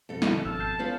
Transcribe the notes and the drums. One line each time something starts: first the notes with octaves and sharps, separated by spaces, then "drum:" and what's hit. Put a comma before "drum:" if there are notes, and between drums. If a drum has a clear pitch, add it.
F2 B2 A4
E4, drum: snare
D3 A5
G#1 A5 E6 F6
F6 G6 C7
B3 C#4 F4